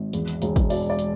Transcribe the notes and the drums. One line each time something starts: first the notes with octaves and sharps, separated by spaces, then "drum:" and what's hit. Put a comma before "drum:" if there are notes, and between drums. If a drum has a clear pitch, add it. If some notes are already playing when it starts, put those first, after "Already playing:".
Already playing: G#1
E2, drum: hi-hat
drum: hi-hat
E1, drum: hi-hat
drum: kick, hi-hat
B2 D5, drum: open hi-hat
D5
drum: hi-hat